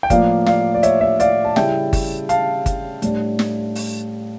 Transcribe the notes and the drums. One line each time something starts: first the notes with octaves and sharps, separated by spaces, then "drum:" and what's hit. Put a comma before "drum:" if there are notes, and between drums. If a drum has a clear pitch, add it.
G5
A2 F3 A#3 D5 F5, drum: kick G1, hi-hat
D5 F5, drum: snare
D5
C#5 E5, drum: hi-hat
C#5 E5
D5 F5, drum: hi-hat
A5
C#3 G3 C#4 E4 E5 G5, drum: snare
drum: kick G1, open hi-hat
F5 A5, drum: hi-hat
drum: kick G1, hi-hat
A2 G3 D4, drum: hi-hat
drum: snare
drum: open hi-hat